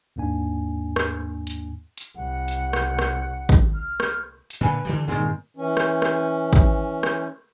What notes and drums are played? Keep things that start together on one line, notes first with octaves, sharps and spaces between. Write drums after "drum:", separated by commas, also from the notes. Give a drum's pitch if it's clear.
D#2 G#2 A#3 D4 G#5
drum: rim click
drum: hi-hat
drum: hi-hat
C2 F#5
drum: hi-hat
drum: rim click
drum: rim click
drum: kick, hi-hat
F6
drum: rim click
drum: hi-hat
A#2 D3 B4 G#5
D3 E3 G3
G2 A#2 D#3 G#3 C4
E3 C#4
drum: rim click
drum: rim click
drum: kick, hi-hat
drum: rim click